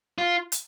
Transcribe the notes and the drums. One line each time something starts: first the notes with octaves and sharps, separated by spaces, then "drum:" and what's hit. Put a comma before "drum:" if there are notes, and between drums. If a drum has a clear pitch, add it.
F4
drum: hi-hat